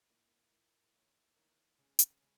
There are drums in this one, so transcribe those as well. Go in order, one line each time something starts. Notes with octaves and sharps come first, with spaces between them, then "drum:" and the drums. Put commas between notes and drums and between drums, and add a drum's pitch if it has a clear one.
A#2 A#3 E4
A#2 A#3 E4
D#3 A#3 E4 A#4 C#5
D#3 A#3 E4 A#4 C#5
C#3 G#3 C#4 G#4
drum: hi-hat
C#3 G#3 C#4 G#4